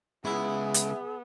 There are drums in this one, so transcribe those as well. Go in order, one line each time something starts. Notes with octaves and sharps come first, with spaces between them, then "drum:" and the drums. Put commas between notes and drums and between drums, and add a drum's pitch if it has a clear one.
C#3 G#3 B3 E4 G#4
drum: hi-hat